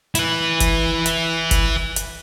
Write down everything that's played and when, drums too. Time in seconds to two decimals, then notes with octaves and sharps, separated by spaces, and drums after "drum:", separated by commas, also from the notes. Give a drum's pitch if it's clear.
0.15 E4 B4, drum: hi-hat
0.60 drum: kick F#1, hi-hat
1.06 drum: hi-hat
1.51 drum: kick F#1, hi-hat
1.96 drum: hi-hat